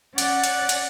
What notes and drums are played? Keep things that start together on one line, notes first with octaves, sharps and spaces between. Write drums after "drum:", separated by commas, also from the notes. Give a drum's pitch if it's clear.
C#4 D5 F#5, drum: hi-hat
drum: hi-hat
drum: hi-hat